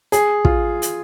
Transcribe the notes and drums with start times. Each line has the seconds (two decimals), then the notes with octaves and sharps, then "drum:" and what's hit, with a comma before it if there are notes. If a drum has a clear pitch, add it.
0.12 G#4, drum: hi-hat
0.45 F4, drum: kick
0.82 drum: hi-hat